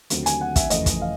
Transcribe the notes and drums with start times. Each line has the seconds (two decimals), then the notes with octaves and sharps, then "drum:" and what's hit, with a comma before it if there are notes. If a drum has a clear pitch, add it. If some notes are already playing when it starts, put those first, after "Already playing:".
0.10 D#2 D3 F#3 A3 C4, drum: hi-hat
0.26 G#5, drum: hi-hat
0.41 F#5
0.56 E5, drum: kick, hi-hat
0.70 F2 C#3 E3 A3 D#5, drum: hi-hat
0.86 drum: kick, hi-hat
1.02 F5